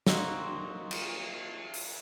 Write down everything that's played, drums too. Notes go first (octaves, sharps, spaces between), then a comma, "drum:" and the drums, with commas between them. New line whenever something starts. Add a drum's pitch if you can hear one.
A#3 C4 D#4 F#4, drum: snare
drum: cymbal
drum: open hi-hat